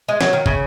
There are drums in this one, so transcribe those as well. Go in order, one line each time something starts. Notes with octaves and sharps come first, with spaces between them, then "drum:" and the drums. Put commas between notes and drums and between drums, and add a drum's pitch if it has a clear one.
G#3
F#3, drum: snare
D#3
C#3, drum: kick